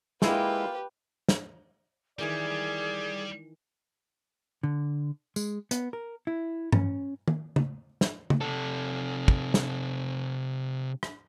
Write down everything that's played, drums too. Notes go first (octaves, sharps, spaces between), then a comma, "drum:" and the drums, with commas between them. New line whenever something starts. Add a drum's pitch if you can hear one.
G#3 A#3 E4 F4 G4 B4, drum: snare
drum: snare
D#3 E3 G3 G#4 A#4 D5
D3
G#3, drum: tambourine
B3, drum: hi-hat
A#4
E4
C#4, drum: tom G2
drum: tom D#3
drum: tom
drum: snare
drum: tom
C3 A4
drum: kick
drum: snare
drum: rim click